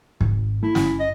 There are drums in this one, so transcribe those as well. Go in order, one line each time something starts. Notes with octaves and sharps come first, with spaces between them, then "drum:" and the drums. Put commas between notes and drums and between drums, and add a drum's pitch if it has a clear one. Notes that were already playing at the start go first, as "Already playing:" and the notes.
G#1, drum: kick
A3 E4
G1 C#4, drum: snare
D#5